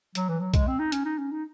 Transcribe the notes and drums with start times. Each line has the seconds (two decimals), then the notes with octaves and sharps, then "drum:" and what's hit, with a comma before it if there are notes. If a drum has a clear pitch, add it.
0.15 F#3, drum: hi-hat
0.29 E3
0.41 F#3
0.54 G#3, drum: kick B1, hi-hat
0.68 C4
0.79 D#4
0.92 C#4, drum: hi-hat
1.05 D#4
1.18 C#4
1.32 D#4